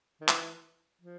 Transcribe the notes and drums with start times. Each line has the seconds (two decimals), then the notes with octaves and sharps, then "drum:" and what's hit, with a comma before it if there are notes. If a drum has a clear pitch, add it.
0.21 D#3
0.29 E3, drum: clap
1.02 F3